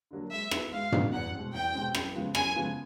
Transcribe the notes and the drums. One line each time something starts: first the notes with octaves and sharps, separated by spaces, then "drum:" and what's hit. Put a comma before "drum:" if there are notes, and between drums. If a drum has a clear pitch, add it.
D3 F#3 A#3 D4
G#3 E5
B3 D#4 F#4 B4, drum: rim click
G#3 F5
B3 D#4 F#4 B4, drum: tom
E2 F#5
B2 G#3 C4
E2 G5
B2 G#3 C4
F#2, drum: rim click
C#3 F3 G#3 B3
F#2 G#5, drum: rim click
C#3 F3 G#3 B3